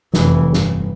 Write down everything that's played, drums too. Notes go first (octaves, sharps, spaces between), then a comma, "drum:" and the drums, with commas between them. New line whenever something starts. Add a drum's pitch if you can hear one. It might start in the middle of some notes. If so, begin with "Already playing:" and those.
F1 E3, drum: snare
G1, drum: snare